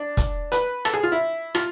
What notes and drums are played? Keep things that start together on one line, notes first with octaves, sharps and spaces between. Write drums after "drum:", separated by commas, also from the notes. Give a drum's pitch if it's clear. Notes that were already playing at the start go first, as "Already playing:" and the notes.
Already playing: D4
drum: kick, hi-hat
B4, drum: hi-hat
A4, drum: rim click
G#4
F4
E4
F4, drum: rim click